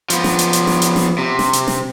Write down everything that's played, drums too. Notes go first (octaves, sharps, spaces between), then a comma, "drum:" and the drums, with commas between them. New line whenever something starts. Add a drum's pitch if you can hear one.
F3 B3, drum: hi-hat
drum: snare
drum: hi-hat
drum: hi-hat
drum: snare
drum: hi-hat
drum: snare
C3
drum: snare
drum: hi-hat
drum: snare